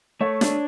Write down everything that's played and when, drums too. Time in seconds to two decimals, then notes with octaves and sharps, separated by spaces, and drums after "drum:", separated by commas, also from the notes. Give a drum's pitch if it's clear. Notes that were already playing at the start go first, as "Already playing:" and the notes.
0.21 A3 C#5
0.41 D4, drum: snare